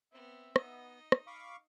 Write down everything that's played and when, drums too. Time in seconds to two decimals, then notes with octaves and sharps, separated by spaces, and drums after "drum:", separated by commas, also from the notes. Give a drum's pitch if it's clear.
0.12 B3 C4 E5
0.56 B3 D#4 D#5, drum: rim click
1.12 drum: rim click
1.27 F5 B5 C#6 D6